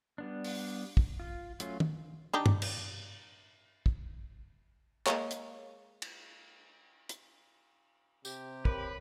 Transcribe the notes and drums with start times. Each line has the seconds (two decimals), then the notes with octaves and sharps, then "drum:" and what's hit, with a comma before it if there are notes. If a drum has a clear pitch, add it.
0.18 G3 B3 D4
0.44 drum: open hi-hat
0.97 drum: kick
1.20 F4
1.60 F#3 A3 C#4 F4, drum: hi-hat
1.80 drum: tom
2.33 D4 D#4 G4
2.46 drum: tom G2
2.62 drum: cymbal
3.86 drum: kick
5.06 G#3 A#3 C#5, drum: clap
5.31 drum: hi-hat
6.02 drum: cymbal
7.09 drum: hi-hat
8.25 C3 G4, drum: tambourine
8.65 A#4 B4 C#5, drum: kick